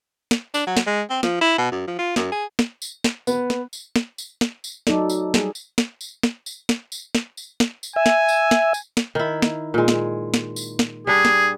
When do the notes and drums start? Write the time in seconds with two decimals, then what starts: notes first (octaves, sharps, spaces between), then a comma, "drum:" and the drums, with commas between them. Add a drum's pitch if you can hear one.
0.31 drum: snare
0.54 D4, drum: tambourine
0.67 F#3
0.77 drum: snare
0.87 G#3
1.10 C4
1.23 F3, drum: snare
1.41 E4
1.58 B2
1.72 F#2
1.87 F3
1.99 F4
2.16 F#2, drum: snare
2.32 G#4
2.59 drum: snare
2.82 drum: tambourine
3.04 drum: snare
3.27 B3, drum: tambourine
3.50 drum: snare
3.73 drum: tambourine
3.96 drum: snare
4.18 drum: tambourine
4.41 drum: snare
4.64 drum: tambourine
4.87 F#3 D#4 A4 D5, drum: snare
5.10 drum: tambourine
5.34 G3 G#4, drum: snare
5.55 drum: tambourine
5.78 drum: snare
6.01 drum: tambourine
6.23 drum: snare
6.46 drum: tambourine
6.69 drum: snare
6.92 drum: tambourine
7.15 drum: snare
7.37 drum: tambourine
7.60 drum: snare
7.83 drum: tambourine
7.96 E5 G#5
8.06 drum: snare
8.29 drum: tambourine
8.51 drum: snare
8.74 drum: tambourine
8.97 drum: snare
9.15 D#3 E4
9.42 drum: snare
9.74 A#2 G#3
9.88 drum: snare
10.34 drum: snare
10.56 drum: tambourine
10.79 drum: snare
11.07 G3 D4 G#4
11.25 drum: snare